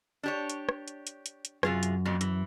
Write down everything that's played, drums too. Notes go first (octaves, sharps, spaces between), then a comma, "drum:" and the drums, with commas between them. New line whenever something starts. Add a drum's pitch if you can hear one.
D4 G4 C#5
drum: hi-hat
drum: rim click
drum: hi-hat
drum: hi-hat
drum: hi-hat
drum: hi-hat
F#2 C3 F4 G#4, drum: rim click
drum: hi-hat
F2 A#2 F#3
E3, drum: hi-hat